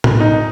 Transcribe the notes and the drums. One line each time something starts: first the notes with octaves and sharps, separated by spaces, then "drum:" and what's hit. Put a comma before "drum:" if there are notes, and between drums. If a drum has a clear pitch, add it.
drum: tom A2
D#4